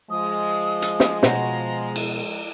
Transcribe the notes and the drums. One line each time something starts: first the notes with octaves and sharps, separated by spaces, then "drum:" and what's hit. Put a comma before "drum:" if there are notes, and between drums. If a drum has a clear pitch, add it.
F3 G#3 D#6
drum: hi-hat
drum: snare
B2 F#4 C5 A#5, drum: snare
drum: cymbal